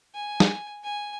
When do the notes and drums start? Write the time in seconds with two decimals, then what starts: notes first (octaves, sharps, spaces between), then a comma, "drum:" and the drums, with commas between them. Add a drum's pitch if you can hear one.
0.15 G#5
0.40 drum: snare
0.84 G#5